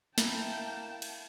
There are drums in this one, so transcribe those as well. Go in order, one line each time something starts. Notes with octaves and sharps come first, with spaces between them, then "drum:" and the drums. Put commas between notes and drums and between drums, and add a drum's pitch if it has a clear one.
A#3 E4 G5 A5, drum: snare
drum: cymbal